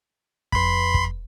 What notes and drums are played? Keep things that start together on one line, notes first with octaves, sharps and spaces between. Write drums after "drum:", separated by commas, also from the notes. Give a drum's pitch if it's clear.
F2 B4 B5 C6, drum: kick
drum: kick